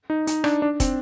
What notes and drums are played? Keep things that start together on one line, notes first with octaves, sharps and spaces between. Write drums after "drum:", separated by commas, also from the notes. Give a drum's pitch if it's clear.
D#4
D#4, drum: hi-hat
D4, drum: rim click
D4
C4, drum: kick, hi-hat